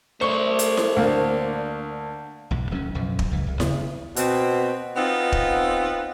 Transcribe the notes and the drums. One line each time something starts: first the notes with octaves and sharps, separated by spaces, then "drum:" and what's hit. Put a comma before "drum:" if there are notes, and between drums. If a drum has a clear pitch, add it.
A3 C5 D5 C#6
drum: hi-hat
drum: snare E4
D2 A#3 D4
B1 E2 G#2
D1 F#3 B3 C#4
B1 F#2 F3
drum: kick
C#2 E3
C2
D#2 C#3 B3, drum: snare E4
B2 C4, drum: hi-hat
B3 C4 D#4 F4
drum: kick